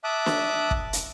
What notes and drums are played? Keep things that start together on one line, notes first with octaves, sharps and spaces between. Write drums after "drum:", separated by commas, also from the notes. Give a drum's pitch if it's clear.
E5 A5 D6 D#6 F#6
drum: snare
drum: kick
drum: hi-hat